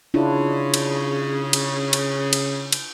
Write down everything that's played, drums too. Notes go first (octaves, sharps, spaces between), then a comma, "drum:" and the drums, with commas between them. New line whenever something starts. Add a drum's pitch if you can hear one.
C#3 D4 E4 F4
drum: cymbal
drum: cymbal
drum: cymbal
drum: cymbal
drum: cymbal